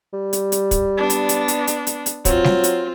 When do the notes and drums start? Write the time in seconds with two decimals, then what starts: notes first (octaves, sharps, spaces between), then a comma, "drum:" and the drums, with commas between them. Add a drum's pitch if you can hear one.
0.14 G3
0.33 drum: hi-hat
0.52 drum: hi-hat
0.71 drum: kick, hi-hat
0.97 B3 D4
1.10 drum: hi-hat
1.29 drum: hi-hat
1.48 drum: hi-hat
1.67 drum: hi-hat
1.87 drum: hi-hat
2.06 drum: hi-hat
2.25 F#3 C4 F4, drum: kick, hi-hat
2.44 drum: snare G3
2.64 drum: hi-hat